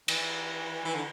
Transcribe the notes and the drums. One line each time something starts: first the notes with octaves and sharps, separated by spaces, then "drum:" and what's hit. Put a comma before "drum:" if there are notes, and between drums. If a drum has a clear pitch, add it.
E3, drum: cymbal
E3
D3